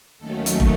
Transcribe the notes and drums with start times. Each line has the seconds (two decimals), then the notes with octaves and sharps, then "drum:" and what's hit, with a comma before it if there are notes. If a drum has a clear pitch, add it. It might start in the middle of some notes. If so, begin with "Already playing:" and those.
0.18 D#2 D#3 F#3 A3 C#4 A4
0.46 drum: hi-hat
0.60 drum: kick